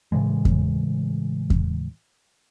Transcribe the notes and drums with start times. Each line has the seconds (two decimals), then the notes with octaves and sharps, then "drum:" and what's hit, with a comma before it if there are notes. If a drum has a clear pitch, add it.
0.12 A2 C#3 E3 G#3
0.45 drum: kick E2
1.50 drum: kick E2